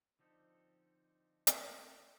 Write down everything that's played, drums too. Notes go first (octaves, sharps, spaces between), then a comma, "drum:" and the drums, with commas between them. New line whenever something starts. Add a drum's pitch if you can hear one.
D3 F3 C4 D#4 A4
drum: hi-hat